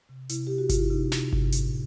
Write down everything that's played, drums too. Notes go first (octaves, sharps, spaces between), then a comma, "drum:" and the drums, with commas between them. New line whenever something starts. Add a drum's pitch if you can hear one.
C3
C3 E4, drum: hi-hat
C3 G4
F#4
C3 F4, drum: kick G1, hi-hat
E4
C3 D#4
C3, drum: snare
C3, drum: kick G1
A2, drum: hi-hat